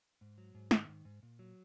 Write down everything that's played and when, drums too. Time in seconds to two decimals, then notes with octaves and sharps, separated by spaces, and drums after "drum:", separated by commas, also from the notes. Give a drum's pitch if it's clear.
0.21 G#2
0.38 F#3
0.55 G#2
0.71 D#3, drum: snare
0.88 G#2
1.05 G#2
1.23 A#2
1.39 F#3